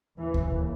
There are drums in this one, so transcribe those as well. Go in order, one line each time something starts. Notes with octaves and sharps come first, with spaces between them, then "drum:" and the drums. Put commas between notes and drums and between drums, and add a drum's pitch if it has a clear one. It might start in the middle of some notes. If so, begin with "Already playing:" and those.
D#2 C#3 E3
drum: kick D2